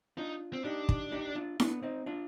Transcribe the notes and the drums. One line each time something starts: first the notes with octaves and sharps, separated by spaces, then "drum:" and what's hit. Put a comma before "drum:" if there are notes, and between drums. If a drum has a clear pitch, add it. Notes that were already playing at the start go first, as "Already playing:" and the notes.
D4 D#4 F4
C4
D4 D#4 G4
drum: kick
D#4 G4
D4 F4
B3 D4, drum: snare E4
C4 D#4
D4 F4